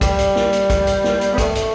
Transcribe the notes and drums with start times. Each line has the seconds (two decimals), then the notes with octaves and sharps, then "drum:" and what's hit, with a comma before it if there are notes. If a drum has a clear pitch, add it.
0.01 G3, drum: kick, hi-hat
0.18 drum: hi-hat
0.36 drum: snare
0.53 drum: hi-hat
0.70 drum: kick, hi-hat
0.87 drum: hi-hat
1.04 drum: snare
1.21 drum: hi-hat
1.34 B3
1.38 A3, drum: kick, hi-hat
1.55 drum: hi-hat